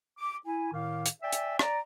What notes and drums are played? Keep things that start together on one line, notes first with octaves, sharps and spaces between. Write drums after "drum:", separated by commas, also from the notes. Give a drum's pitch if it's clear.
D6
E4 G#5
A2 D#3 F5 D6
drum: hi-hat
D5 E5 G5 G#5
drum: hi-hat
D5 A#5, drum: rim click